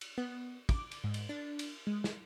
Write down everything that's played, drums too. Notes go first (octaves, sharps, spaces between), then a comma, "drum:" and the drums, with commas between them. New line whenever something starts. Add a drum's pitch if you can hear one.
drum: cymbal
B3
D6, drum: kick, cymbal
drum: cymbal
G#2
drum: cymbal
D4
drum: cymbal
G#3
drum: snare